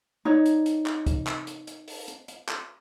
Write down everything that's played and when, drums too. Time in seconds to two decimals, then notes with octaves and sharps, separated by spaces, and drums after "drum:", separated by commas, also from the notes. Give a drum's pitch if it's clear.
0.25 D#4 C#5 D5
0.46 drum: hi-hat
0.66 drum: hi-hat
0.86 drum: clap
1.06 drum: kick, hi-hat
1.27 drum: clap
1.47 drum: hi-hat
1.67 drum: hi-hat
1.88 drum: open hi-hat
2.08 drum: hi-hat
2.28 drum: hi-hat
2.49 drum: clap